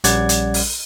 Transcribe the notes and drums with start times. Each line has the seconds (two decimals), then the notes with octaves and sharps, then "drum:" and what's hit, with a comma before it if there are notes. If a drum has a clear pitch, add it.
0.04 A#1 G3 C#4 D5 F#5 G#6, drum: hi-hat
0.29 drum: hi-hat
0.54 drum: open hi-hat